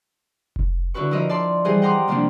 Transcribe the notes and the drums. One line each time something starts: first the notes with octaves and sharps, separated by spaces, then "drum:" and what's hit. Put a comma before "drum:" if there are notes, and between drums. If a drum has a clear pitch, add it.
drum: kick F1
D3 E4 F#4 B4 C#6
F3 E4 A#4 D#5 E5
D5 A5 C6
E3 G3 G#4 C5 D#5
F#5 G5 A#5 C6 D6 D#6
C3 D#3 F3 A#3 D4